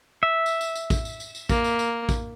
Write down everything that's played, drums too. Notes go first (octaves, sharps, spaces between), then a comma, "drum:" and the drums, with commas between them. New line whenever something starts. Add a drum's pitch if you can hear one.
E5
drum: tambourine
drum: tambourine
drum: tambourine
drum: kick, tambourine
drum: tambourine
drum: tambourine
drum: tambourine
A#3, drum: kick, tambourine
drum: tambourine
drum: tambourine
drum: kick, tambourine